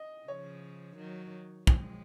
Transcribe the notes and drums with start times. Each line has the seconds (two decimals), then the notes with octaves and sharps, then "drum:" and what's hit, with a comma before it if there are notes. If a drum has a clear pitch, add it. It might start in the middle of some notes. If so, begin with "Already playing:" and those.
Already playing: D#5
0.28 C#3 F3 C#5
0.97 D#3 F#3
1.67 F3 G#3, drum: kick